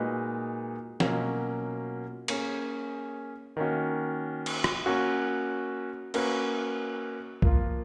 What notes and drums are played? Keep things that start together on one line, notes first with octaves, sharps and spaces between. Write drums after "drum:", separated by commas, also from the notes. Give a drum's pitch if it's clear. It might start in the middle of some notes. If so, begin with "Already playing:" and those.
Already playing: A#2 G#3 D#4 F#4 B4
B2 F#3 A#3 C#4 F4, drum: snare
A#3 C#4 G#4, drum: cymbal
D#3 A#3 C#4 F#4
drum: cymbal
drum: rim click
A#3 C#4 F#4
A#3 C#4 F#4 B4, drum: cymbal
F3 A#3 F4, drum: kick C2